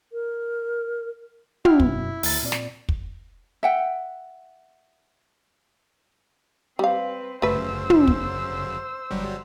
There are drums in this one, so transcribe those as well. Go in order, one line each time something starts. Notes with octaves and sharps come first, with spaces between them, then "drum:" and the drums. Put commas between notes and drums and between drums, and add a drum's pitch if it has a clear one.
A#4
E4 F#5 G5 F6, drum: tom
F#2 B2, drum: kick
D2 A6, drum: open hi-hat
A#2 C4 D5
drum: snare
drum: kick
E5 F#5 G5
G3 C4 B4 F5
G1 F#2 C#3 A3 B4 C5 E6
drum: tom
drum: kick
G1 F#3 G3